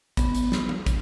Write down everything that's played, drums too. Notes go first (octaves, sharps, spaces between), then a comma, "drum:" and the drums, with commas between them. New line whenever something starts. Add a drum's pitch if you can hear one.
B3, drum: kick, hi-hat
drum: hi-hat
drum: snare
drum: tom E3
drum: kick, hi-hat